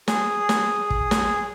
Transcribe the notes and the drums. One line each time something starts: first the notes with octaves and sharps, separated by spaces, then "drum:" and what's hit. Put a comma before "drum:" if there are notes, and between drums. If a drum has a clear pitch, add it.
G#4, drum: snare
drum: snare
drum: kick
drum: snare